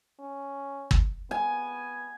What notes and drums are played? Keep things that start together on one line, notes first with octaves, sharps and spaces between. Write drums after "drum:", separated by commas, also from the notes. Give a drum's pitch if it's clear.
C#4
drum: kick G1
B3 G#5